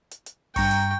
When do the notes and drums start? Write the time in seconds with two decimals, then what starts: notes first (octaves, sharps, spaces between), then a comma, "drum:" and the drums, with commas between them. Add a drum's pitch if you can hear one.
0.11 drum: hi-hat
0.26 drum: hi-hat
0.56 G2 G5 A#5 C#6, drum: kick, open hi-hat
0.71 drum: hi-hat